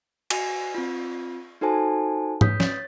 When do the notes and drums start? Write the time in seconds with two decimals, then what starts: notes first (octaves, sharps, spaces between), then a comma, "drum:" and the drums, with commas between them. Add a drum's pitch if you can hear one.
0.30 F#4 G#5, drum: cymbal
0.75 C4 F4
1.61 D#4 F#4 A4 C5 G#5 A5
2.41 B4 C#5 D#6 G6 B6, drum: tom G#2
2.60 C#5 A6, drum: snare